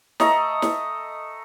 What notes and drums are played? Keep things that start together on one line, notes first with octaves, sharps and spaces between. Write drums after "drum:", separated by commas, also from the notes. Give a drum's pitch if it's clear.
A3 D#5 A#5, drum: snare
drum: snare